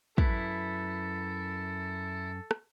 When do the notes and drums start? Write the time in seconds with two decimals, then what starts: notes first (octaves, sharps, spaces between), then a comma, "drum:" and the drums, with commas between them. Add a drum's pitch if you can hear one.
0.18 F#2 E4 A4 B4, drum: kick
2.51 drum: rim click